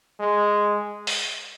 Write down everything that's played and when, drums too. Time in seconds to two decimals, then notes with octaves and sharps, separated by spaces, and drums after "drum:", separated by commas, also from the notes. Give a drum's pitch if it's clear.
0.20 G#3
1.07 drum: open hi-hat